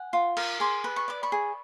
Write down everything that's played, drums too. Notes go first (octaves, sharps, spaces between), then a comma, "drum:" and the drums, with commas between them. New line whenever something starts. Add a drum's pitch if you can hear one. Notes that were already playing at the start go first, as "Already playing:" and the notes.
Already playing: F#5 G#5
F4
A#4, drum: cymbal
G#4 C6 D6
B4
C#6
D5 D6
B5 C#6
G#4